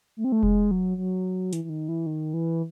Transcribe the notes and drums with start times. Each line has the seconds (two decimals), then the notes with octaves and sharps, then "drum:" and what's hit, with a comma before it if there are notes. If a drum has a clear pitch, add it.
0.17 A3
0.24 C4
0.32 A3
0.43 G#3, drum: kick F1
0.71 F#3
0.97 F#3
1.53 E3, drum: hi-hat
1.64 E3
1.70 D#3
1.89 E3
2.06 D#3
2.34 E3